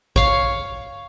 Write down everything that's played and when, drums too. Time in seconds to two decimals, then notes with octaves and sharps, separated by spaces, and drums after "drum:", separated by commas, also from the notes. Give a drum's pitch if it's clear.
0.16 C#5 F5, drum: kick A1